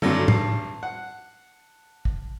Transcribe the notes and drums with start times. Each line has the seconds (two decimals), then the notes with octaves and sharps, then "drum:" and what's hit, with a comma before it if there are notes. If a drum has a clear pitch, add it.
0.02 G#1 G2 F#3 D4 A4, drum: tom
0.28 A5 C7, drum: tom A2
0.83 F#5
2.05 drum: kick